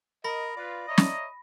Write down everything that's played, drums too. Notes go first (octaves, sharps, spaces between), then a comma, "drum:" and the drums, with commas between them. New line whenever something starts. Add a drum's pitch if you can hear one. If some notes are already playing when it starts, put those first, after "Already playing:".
A#4 D#5 B5 A#6
F4 B4 D5
C#5 D#5 E5 A#5
drum: snare